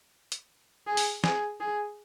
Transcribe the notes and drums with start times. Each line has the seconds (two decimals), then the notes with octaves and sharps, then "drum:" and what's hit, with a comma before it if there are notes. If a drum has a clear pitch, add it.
0.32 drum: hi-hat
0.87 G#4
0.97 drum: open hi-hat
1.24 G#4, drum: snare
1.60 G#4